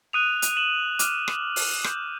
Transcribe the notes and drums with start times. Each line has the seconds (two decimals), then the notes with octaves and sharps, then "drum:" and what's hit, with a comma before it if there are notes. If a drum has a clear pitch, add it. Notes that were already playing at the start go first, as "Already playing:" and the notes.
0.13 D#6 F#6 D#7 F7
0.42 drum: hi-hat
0.57 E7 F#7
0.99 D6 F6, drum: hi-hat
1.28 drum: rim click
1.56 drum: open hi-hat
1.84 D#6 G6, drum: rim click